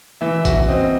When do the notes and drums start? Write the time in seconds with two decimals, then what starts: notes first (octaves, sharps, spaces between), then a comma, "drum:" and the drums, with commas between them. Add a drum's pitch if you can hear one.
0.21 E3 E5
0.45 F#4, drum: kick, tambourine
0.68 C4 D#5